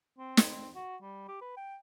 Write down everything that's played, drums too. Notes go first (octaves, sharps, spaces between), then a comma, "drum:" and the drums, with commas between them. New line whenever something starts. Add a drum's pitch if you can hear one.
C4
drum: snare
C4
F#4
G3
G4
B4
G5